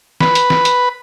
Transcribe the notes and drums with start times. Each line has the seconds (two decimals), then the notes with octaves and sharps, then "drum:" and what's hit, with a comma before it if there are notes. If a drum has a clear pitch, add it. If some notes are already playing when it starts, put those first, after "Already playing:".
0.20 B4, drum: snare
0.35 drum: hi-hat
0.50 drum: snare
0.65 drum: hi-hat